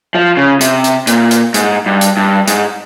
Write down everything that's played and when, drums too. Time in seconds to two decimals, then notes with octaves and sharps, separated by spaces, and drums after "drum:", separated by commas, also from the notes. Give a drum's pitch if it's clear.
0.15 F3
0.37 C#3
0.61 C3, drum: hi-hat
0.84 drum: hi-hat
1.07 A#2, drum: hi-hat
1.31 drum: hi-hat
1.54 G#2, drum: hi-hat
1.86 G2
2.01 drum: hi-hat
2.17 G2
2.48 G#2, drum: hi-hat